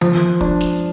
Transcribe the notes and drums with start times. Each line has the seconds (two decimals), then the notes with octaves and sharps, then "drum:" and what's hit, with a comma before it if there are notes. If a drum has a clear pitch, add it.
0.01 F3, drum: tom D#3
0.41 D4, drum: kick
0.61 drum: snare